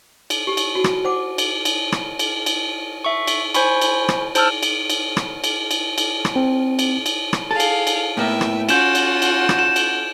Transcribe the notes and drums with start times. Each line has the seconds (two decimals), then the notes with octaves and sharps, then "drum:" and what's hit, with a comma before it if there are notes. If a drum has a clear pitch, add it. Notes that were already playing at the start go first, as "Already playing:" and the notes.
0.30 drum: cymbal
0.47 G4
0.57 drum: cymbal
0.75 F#4
0.84 drum: rim click
1.04 C5 F#5 D6
1.38 drum: cymbal
1.65 drum: cymbal
1.92 drum: rim click
2.19 drum: cymbal
2.46 drum: cymbal
3.04 E5 C#6
3.27 drum: cymbal
3.54 C5 G#5 B5 C#6, drum: cymbal
3.82 drum: cymbal
4.09 drum: rim click
4.35 C5 A5 E6 F6, drum: cymbal
4.63 drum: cymbal
4.90 drum: cymbal
5.17 drum: rim click
5.44 drum: cymbal
5.71 drum: cymbal
5.98 drum: cymbal
6.25 drum: rim click
6.36 C4
6.79 drum: cymbal
7.06 drum: cymbal
7.33 drum: rim click
7.51 G#4 A4 F5
7.60 drum: cymbal
7.87 drum: cymbal
8.17 A2 A#3 B3 E5 G5
8.41 drum: rim click
8.69 C#4 F4 F#4 F#5 G6 E7, drum: cymbal
8.95 drum: cymbal
9.22 drum: cymbal
9.49 drum: rim click
9.59 E7
9.76 drum: cymbal